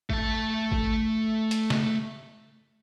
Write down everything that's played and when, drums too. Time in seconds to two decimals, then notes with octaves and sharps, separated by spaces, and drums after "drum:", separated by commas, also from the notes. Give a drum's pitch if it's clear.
0.10 A3 A5, drum: kick A1
0.72 drum: kick A1
1.51 drum: hi-hat
1.70 drum: snare C#3